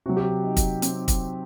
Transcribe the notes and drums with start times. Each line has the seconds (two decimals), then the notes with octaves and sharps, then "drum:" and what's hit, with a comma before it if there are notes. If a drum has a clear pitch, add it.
0.06 C3 F#3 F#4
0.17 G4
0.27 F#4
0.44 D#4
0.57 drum: kick, hi-hat
0.82 C4, drum: hi-hat
1.08 drum: kick, hi-hat